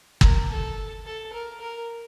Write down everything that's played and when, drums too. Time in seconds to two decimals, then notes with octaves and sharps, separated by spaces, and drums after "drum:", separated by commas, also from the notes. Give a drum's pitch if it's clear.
0.21 A#4, drum: kick
0.49 A4
1.06 A4
1.32 A#4
1.60 A#4